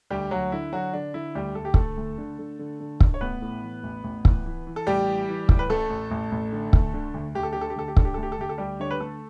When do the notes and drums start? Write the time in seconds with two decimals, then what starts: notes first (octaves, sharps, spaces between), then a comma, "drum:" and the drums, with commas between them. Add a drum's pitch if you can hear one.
0.10 D2 G3 G4
0.31 D2 F#3 F#4
0.52 D3 E4
0.72 D3 F#3 F#4
0.93 D3 D4
1.14 D3 E4
1.35 D2 G3 G4
1.55 D2 A4
1.65 G4
1.74 D2 A3 A4, drum: kick
1.97 D2
2.18 D3
2.39 D3
2.59 D3
2.80 D3
3.00 D3, drum: kick
3.14 C#5
3.21 A1 B3 B4
3.42 A2
3.62 E3
3.83 A1
4.04 A1
4.25 E3, drum: kick
4.46 E3
4.67 E3
4.76 A4
4.87 A1 G3 G4
5.07 E3
5.29 E3
5.49 A2, drum: kick
5.59 B4
5.70 A1 A3 A4
5.90 A1
6.11 A1
6.32 A1
6.52 D3
6.73 D2, drum: kick
6.94 D3
7.14 D2
7.35 D2 G4
7.43 A4
7.53 D3 G4
7.61 A4
7.70 G4
7.76 D2 A4
7.88 G4
7.97 D3 A4, drum: kick
8.05 G4
8.14 D2 A4
8.23 G4
8.32 A4
8.39 D2 G4
8.49 A4
8.58 D2 G3 G4
8.80 D3 C#5
8.91 B4
9.00 D3 A3 A4